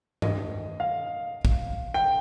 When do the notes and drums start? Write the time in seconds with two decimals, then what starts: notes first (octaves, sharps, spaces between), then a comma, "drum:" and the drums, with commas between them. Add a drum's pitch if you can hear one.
0.22 D#5, drum: tom G2
0.80 F5
1.45 drum: kick
1.94 G5